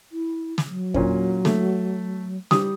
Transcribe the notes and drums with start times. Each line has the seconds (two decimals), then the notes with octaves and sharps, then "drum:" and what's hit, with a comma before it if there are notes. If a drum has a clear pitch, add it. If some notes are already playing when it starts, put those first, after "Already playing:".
0.12 E4
0.58 drum: snare
0.67 F#3
0.94 A#2 C#4, drum: kick E2
1.45 A3, drum: snare
2.51 G3 D#6, drum: snare